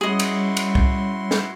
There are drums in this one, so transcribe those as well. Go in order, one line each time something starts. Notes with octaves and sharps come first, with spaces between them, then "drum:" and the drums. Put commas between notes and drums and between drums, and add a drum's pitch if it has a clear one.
G3 C#4 E4 F#4 G#4 C#5 D#5 C6
drum: cymbal
drum: cymbal
drum: kick C2
drum: snare